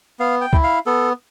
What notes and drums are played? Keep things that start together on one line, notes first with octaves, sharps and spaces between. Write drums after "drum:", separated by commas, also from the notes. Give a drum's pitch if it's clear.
B3 F5
G5
E4, drum: kick
F5
B3 A4